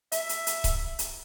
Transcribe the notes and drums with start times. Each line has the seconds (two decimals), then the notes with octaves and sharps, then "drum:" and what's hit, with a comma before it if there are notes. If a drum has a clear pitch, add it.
0.12 E5, drum: hi-hat
0.29 drum: hi-hat
0.47 drum: hi-hat
0.64 drum: kick C#1, hi-hat
0.99 drum: hi-hat